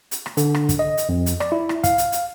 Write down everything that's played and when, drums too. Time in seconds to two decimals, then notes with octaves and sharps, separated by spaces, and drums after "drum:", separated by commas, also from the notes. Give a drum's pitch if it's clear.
0.11 drum: hi-hat
0.26 drum: rim click
0.37 D3, drum: hi-hat
0.54 drum: rim click
0.69 drum: kick, hi-hat
0.79 D#5
0.98 drum: hi-hat
1.09 F2
1.26 drum: hi-hat
1.40 D5, drum: rim click
1.52 E4
1.69 drum: rim click
1.84 F5, drum: kick, hi-hat
1.98 drum: hi-hat
2.12 drum: hi-hat